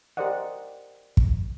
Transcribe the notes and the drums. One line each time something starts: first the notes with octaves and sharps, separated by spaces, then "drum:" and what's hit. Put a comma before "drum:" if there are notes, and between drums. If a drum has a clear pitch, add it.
G4 A#4 C5 D5 D#5 F#5
drum: kick